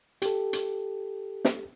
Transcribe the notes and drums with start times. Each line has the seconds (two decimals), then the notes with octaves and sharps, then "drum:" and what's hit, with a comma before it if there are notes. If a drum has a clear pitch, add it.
0.22 G4 A4, drum: hi-hat
0.53 drum: hi-hat
1.45 drum: snare